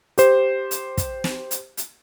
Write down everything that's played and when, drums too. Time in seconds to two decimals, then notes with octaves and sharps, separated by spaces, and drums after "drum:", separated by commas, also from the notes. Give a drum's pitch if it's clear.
0.18 G4 C5, drum: hi-hat
0.71 drum: hi-hat
0.97 drum: kick, hi-hat
1.24 drum: snare
1.51 drum: hi-hat
1.77 drum: hi-hat